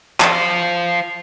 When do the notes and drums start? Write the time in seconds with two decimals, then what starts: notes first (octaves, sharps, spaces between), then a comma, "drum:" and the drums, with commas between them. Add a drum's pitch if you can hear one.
0.20 F4 C5, drum: clap